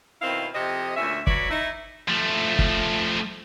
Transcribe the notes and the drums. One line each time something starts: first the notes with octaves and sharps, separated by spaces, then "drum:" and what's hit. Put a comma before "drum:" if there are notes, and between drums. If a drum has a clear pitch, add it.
B2 D#3 C4 E4 F5
F2 C3 C4 D#5
D2 A#2 C#4 E5
F#3 B4 C#5 D5, drum: kick
D#4 E4
F3 A3
drum: kick